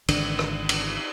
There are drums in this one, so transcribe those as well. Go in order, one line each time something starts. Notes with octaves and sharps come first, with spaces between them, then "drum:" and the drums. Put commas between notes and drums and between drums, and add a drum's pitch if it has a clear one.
G#1 D3 E3 D4, drum: cymbal
drum: rim click
drum: cymbal